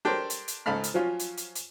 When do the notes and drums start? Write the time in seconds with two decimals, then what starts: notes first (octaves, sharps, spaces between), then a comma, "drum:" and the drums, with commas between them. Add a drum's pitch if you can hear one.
0.05 D4 G4 A4 A#4 C5 C#5
0.30 drum: hi-hat
0.48 drum: hi-hat
0.66 C#2 G#2 A4 F5 B5 F6
0.84 drum: hi-hat
0.94 F3 F#3 C#4 F4
1.20 drum: hi-hat
1.38 drum: hi-hat
1.55 drum: hi-hat